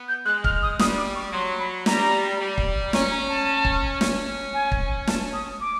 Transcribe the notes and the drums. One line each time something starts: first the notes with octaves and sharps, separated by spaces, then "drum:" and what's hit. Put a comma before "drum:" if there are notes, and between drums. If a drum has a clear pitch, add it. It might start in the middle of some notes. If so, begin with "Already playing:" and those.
Already playing: B3
G6
G#3 F#6
F6, drum: kick
D#6
G3 D#6, drum: snare
D6
C#6
F#3 C6
B5
G3 A#5, drum: snare
G3
drum: kick
C#4 A#5, drum: snare
A#5
A5
drum: kick
C#4, drum: snare
G#5
drum: kick
A5, drum: snare
D#6
D6